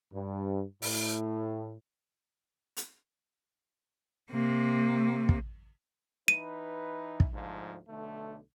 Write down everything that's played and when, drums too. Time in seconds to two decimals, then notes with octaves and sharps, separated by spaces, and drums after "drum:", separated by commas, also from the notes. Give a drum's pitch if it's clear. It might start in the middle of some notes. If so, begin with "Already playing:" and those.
0.13 G2
0.82 A2, drum: open hi-hat
2.77 drum: hi-hat
4.31 C3 A#3
5.29 drum: kick
6.28 E3 D#4 B4 D#7
7.20 drum: kick
7.33 D2 G#2 F3
7.89 B1 D3 A3